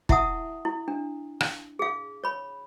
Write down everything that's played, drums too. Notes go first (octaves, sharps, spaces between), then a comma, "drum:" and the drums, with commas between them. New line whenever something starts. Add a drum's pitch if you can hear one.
E4 E5 F#5 A5 D#6, drum: kick
E4
D4
drum: rim click
G#4 F5
C#5 B5